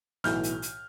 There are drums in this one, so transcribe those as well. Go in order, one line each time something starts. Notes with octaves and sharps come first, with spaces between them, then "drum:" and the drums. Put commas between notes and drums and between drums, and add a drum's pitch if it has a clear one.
B1 A2 E3 F6 G6, drum: snare
drum: hi-hat
drum: hi-hat